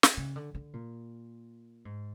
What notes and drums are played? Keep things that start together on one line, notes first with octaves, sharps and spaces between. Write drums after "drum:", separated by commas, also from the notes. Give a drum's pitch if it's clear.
drum: snare
C#3
D3
D3
A#2
G#2